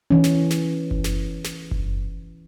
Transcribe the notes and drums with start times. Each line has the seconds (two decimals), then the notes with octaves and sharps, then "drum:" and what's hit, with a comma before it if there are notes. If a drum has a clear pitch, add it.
0.11 E3 C#4
0.24 drum: snare
0.51 drum: snare
0.91 drum: kick F#1
1.04 drum: snare
1.45 drum: snare
1.71 drum: kick F#1